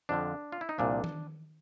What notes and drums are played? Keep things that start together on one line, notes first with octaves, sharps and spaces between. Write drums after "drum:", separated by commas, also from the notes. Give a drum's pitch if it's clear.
F2 D3 F3 D4
F4
E4
D#4
C2 A#2 F3 D4
drum: tom D#3